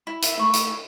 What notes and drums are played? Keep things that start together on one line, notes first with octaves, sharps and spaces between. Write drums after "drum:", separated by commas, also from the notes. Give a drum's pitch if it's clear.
E4
E5, drum: hi-hat
A3 B5 C#6
drum: hi-hat